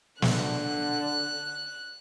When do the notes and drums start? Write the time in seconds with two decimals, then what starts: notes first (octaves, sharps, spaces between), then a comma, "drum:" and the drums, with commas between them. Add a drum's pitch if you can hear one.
0.22 D3 F#6, drum: snare